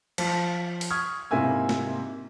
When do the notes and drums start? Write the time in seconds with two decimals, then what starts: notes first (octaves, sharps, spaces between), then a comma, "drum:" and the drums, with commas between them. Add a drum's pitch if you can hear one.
0.18 F3, drum: cymbal
0.81 drum: open hi-hat
0.90 C#6 D#6 F6 G#6
1.31 G#2 C3 A#3 E4 G#5 E6
1.69 drum: snare